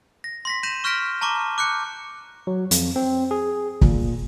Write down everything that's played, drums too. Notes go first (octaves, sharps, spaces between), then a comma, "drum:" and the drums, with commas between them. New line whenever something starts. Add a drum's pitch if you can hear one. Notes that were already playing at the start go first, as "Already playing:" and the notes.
A#6
C6 A#6 B6
C6 G6 A#6 D#7 E7
C#6 F6 G6 A#6 B6 D7
A5 A#5 C#6 D6
D6 F#6 G6 C#7
F#3
F2, drum: hi-hat
C4
G#4
A#2, drum: kick